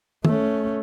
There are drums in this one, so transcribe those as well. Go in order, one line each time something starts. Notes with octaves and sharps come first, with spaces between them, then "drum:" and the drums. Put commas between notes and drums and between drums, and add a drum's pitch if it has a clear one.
A3 C#4, drum: tom